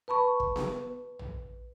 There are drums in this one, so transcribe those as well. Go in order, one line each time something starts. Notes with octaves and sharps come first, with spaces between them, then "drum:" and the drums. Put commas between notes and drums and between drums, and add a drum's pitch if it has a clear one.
B4 A5 B5 C#6
drum: kick
drum: snare B3
drum: tom A#1